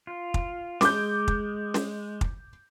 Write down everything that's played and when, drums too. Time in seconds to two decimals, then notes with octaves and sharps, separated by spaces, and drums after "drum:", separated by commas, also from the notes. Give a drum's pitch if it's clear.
0.07 F4
0.34 drum: kick
0.81 G#3 D6 G6, drum: snare
1.28 drum: kick
1.74 drum: snare
2.21 drum: kick